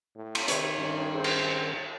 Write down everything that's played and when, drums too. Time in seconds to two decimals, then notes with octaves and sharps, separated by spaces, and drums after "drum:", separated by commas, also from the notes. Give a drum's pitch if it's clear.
0.15 A2
0.35 drum: cymbal
0.48 C3 D#3 C#5 B5, drum: hi-hat
0.78 G2 D#3 C#4 D#4
1.14 C4 G#4
1.24 drum: cymbal